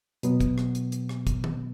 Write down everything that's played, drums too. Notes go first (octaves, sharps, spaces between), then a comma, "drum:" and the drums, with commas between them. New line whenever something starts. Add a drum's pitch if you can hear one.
B2 F#3 B3, drum: hi-hat
drum: kick, hi-hat
drum: rim click
drum: hi-hat
drum: hi-hat
drum: rim click
drum: kick, hi-hat
drum: tom